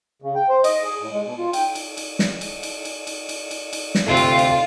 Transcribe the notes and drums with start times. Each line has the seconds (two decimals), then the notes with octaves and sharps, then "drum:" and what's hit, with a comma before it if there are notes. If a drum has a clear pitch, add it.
0.22 C#3
0.35 G5
0.49 C5
0.64 D#5, drum: cymbal
0.84 G#4
1.00 A2
1.11 G#3
1.25 B2
1.38 F4
1.53 G5, drum: cymbal
1.75 drum: cymbal
1.97 drum: cymbal
2.19 drum: snare
2.41 drum: cymbal
2.63 drum: cymbal
2.85 drum: cymbal
3.07 drum: cymbal
3.29 drum: cymbal
3.51 drum: cymbal
3.73 drum: cymbal
3.95 drum: snare
4.06 D2 C3 F4 A4 F5
4.17 drum: cymbal
4.38 drum: cymbal